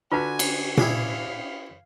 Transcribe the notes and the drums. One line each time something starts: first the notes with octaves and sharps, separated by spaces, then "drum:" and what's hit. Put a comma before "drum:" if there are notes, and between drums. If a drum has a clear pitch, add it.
D3 F4 F#4 B4 G#5 A5 B6
drum: cymbal
E4 G#4 D5 F5, drum: tom A#2